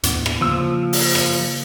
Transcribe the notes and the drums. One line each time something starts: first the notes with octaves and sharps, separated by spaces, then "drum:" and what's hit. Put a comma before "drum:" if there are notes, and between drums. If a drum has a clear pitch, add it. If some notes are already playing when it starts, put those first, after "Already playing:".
D#2 A2 B3, drum: hi-hat
drum: rim click
C#3 F3 A#3 E6
drum: open hi-hat
drum: rim click